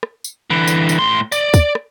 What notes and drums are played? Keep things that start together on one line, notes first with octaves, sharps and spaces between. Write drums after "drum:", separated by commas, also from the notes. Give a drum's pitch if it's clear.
drum: rim click
drum: tambourine
D3 E3
drum: tambourine
drum: tambourine
A2 C6
D5, drum: tambourine
drum: kick, tambourine
drum: rim click